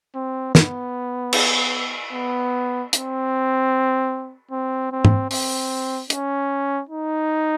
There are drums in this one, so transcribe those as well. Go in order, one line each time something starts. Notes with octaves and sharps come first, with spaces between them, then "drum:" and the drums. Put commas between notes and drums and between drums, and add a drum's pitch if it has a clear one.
C4
B3, drum: snare
drum: cymbal
B3
C4, drum: hi-hat
C4
C4
drum: tom
C4, drum: open hi-hat
C#4, drum: hi-hat
D#4